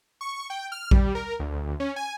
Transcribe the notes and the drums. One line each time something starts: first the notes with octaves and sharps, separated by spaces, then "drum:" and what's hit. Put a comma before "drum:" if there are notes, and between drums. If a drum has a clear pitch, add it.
C#6
G5
F6
G3, drum: kick A#1
A#4
D2
C#4
G#5